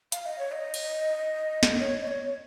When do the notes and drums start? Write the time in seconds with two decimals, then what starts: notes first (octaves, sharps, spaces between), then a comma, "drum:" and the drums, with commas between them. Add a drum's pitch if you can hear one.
0.12 F5, drum: hi-hat
0.26 D#5
0.39 C#5
0.52 D#5
0.74 drum: cymbal
1.63 drum: snare
1.80 C#5
2.02 D#5
2.08 C#5